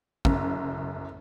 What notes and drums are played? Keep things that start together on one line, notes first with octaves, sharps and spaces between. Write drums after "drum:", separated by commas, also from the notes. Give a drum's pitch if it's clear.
F#1 F#2, drum: kick